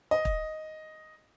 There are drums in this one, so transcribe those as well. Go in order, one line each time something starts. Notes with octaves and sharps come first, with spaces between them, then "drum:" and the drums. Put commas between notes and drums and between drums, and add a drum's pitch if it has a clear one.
D#5
drum: kick